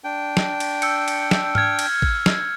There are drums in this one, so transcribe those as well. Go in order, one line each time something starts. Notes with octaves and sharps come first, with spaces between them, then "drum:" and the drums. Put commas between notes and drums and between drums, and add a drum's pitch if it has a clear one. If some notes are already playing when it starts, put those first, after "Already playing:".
D4 G5
drum: snare
drum: cymbal
E6 G6 C#7, drum: cymbal
drum: cymbal
drum: snare
F6 G#6, drum: tom G#2
drum: cymbal
drum: kick A1
drum: snare